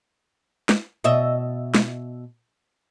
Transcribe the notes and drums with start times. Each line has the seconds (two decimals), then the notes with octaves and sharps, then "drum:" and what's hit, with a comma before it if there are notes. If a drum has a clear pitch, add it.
0.69 drum: snare
1.04 B2 D#5 E5
1.75 drum: snare